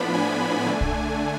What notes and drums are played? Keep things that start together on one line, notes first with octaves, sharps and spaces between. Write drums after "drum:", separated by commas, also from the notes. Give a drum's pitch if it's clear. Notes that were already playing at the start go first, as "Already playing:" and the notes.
Already playing: A2 F3 B3 D4 B5
G#5
D3 A3 D4
drum: kick B1